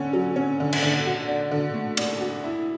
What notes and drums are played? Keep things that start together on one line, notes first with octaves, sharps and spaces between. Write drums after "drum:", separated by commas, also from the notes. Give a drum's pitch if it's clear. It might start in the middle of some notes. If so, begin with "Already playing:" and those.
Already playing: D3 C#4
F#3
C#4
D3
drum: cymbal
D3
F#4
D4
D3
A3
D4, drum: cymbal
F#4
E4